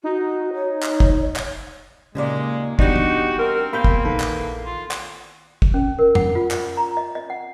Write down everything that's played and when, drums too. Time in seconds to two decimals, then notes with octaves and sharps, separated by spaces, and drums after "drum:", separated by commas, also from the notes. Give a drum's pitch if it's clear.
0.04 D#4 F#4
0.54 C#5
0.83 drum: clap
1.00 drum: kick
1.36 drum: clap
2.15 D#2 A#2 C#3 G#3 A#3 D5
2.79 G3 B3 D4 D#4 F#4 G4, drum: kick
2.96 drum: tom E3
3.39 C4 A#4
3.73 E2 A#3 F5 B5 G6
3.84 drum: kick
4.05 A#1 D#3 A4 B4
4.20 drum: clap
4.66 F4
4.91 drum: clap
5.62 drum: kick
5.74 C#4
5.99 A#4
6.15 F#5, drum: tom F2
6.35 F4
6.51 drum: clap
6.77 A#5
6.97 D#5
7.15 D#5
7.30 F#5